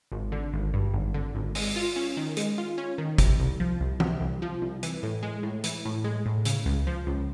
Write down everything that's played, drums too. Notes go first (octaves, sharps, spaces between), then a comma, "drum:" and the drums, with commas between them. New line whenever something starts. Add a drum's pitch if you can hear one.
G#1
D3
G#1
G2
G#1
D3
G#1
G#3, drum: open hi-hat
F4
C#4
D#3
G#3, drum: hi-hat
F4
C#4
D#3
C3, drum: kick, hi-hat
C2
F3
C2
C3, drum: tom E3
C2
F3
C2
E3, drum: hi-hat
A2
G#3
A2
E3, drum: hi-hat
A2
G#3
A2
C#3, drum: hi-hat
C#2
F3
C#2